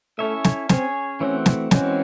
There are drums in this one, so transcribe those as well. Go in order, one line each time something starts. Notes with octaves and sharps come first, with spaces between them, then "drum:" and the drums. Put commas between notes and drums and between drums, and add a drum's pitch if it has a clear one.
A3 C#4 E4 A4 C#5 E5
drum: snare
C4 C#4 G#4 C#5, drum: snare
E3 A3 C4 C#4 F#4
drum: snare
E3 G#3 C4 C#4 F#4, drum: snare